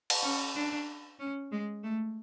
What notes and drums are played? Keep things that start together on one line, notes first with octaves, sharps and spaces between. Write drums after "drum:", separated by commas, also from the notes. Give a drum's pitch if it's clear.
drum: cymbal
C#4
D4
C#4
G#3
A3